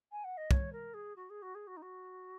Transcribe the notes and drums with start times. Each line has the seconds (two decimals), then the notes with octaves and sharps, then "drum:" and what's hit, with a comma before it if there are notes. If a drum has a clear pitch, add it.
0.11 G#5
0.24 F#5
0.37 D#5
0.51 C#5, drum: kick
0.72 A#4
0.94 G#4
1.16 F#4
1.29 G#4
1.42 F#4
1.54 G#4
1.67 F#4
1.76 D#4
1.82 F#4